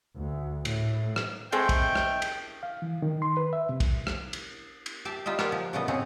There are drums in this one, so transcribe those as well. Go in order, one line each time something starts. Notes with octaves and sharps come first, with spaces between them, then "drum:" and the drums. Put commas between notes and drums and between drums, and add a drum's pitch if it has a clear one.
D2
A2, drum: cymbal
drum: rim click
G#3 A3 C4 G5
drum: kick, cymbal
drum: rim click
drum: cymbal
F5
E3
D#3
C6
B4
E5
C3
drum: kick, cymbal
drum: rim click
drum: cymbal
drum: cymbal
G4 E5 A5
G3 D#4 F4 D#5 E5
A#3 F4 G4 F#5, drum: rim click
F3
A#2 C#3 A3 B3 A4 D#5
A2 C#3 C4 D#4 G#4 C#5